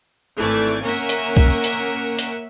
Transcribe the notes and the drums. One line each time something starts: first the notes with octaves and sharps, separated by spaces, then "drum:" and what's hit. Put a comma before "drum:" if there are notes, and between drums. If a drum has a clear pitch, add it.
G#1 E3 A3 D5 G#6
A#3 C#4 A#4 E5 F#5
drum: hi-hat
drum: kick
drum: hi-hat
drum: hi-hat